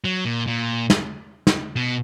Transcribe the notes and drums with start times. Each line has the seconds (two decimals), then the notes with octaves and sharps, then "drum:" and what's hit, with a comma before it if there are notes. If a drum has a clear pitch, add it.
0.04 F#3
0.25 A#2
0.47 A#2
0.90 drum: snare
1.47 drum: snare
1.76 B2